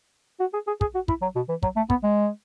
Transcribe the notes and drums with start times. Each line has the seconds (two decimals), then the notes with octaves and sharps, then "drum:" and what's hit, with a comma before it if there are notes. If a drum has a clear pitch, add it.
0.40 F#4
0.53 G#4
0.67 G#4
0.81 G#4, drum: kick
0.95 F#4
1.08 E4, drum: kick
1.22 F#3
1.36 B2
1.49 E3
1.63 F#3, drum: kick
1.76 A3
1.90 B3, drum: kick
2.04 G#3